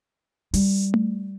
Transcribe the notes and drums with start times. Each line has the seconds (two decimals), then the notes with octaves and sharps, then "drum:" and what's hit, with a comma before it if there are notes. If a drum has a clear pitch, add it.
0.54 G3, drum: open hi-hat
0.94 drum: tom A3